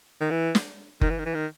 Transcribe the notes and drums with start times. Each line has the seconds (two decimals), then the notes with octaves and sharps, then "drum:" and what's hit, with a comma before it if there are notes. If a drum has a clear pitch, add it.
0.21 D#3
0.31 E3
0.55 drum: snare
1.01 D#3, drum: kick F#1
1.10 E3
1.19 D#3
1.26 E3
1.34 D#3